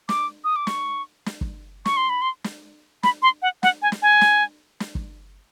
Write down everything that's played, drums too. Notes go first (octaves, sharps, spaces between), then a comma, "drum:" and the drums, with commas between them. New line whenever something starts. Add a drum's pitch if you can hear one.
D6, drum: snare
D#6
D6
C#6, drum: snare
drum: snare
drum: kick
C#6, drum: snare
C6
B5
C6
drum: snare
B5, drum: snare
C6
F#5
F#5, drum: snare
G#5
drum: snare
G#5
drum: snare
drum: snare
drum: kick